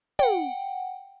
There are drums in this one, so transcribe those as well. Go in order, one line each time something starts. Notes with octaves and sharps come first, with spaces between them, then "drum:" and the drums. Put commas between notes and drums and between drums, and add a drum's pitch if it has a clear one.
F#5 G5, drum: tom